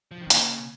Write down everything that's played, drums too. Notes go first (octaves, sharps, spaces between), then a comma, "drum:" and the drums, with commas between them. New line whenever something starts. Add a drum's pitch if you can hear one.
F3
D#3
C4
C#3 A#3, drum: hi-hat